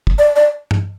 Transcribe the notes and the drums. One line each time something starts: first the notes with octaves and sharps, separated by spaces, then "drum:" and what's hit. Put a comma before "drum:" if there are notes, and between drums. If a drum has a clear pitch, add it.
drum: kick
D5
D5
drum: tom